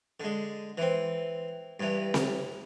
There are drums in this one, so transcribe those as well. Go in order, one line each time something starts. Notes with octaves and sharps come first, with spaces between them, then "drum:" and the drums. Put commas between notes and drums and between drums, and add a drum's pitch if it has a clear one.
D3 G#3
E3 C4
G2 E3
drum: snare C4